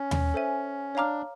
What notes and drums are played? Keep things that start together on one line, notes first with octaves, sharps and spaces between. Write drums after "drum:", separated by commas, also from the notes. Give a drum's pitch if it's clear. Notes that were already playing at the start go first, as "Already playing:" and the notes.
Already playing: C#4
drum: tom D#2
A4 C5 E5 G#5
D4 C#5 F5 A#5 D6 F6